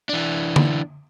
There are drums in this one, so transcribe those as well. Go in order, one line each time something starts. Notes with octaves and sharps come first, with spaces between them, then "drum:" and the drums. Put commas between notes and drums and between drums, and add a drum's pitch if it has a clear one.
E3 D4
drum: tom D3